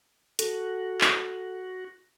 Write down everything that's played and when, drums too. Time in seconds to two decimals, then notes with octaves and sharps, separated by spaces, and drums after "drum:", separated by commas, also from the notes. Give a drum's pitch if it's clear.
0.39 F#4 A4, drum: hi-hat
1.01 drum: clap